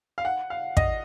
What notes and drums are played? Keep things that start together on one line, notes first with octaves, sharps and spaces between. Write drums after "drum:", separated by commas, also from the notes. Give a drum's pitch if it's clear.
F5
F#5
F5
D#5, drum: kick